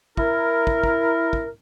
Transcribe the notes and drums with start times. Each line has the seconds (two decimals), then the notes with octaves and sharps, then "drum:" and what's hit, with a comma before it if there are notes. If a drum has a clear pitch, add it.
0.17 E4 A#4, drum: kick
0.67 drum: kick
0.83 drum: kick
1.33 drum: kick